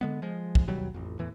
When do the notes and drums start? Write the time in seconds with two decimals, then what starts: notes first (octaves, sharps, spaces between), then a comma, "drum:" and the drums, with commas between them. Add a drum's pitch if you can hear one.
0.01 D3 G#3 B3
0.22 F3 G#3
0.55 drum: kick
0.67 D#2 B2 F#3 G3
0.94 A1 F2
1.19 E2 A2 E3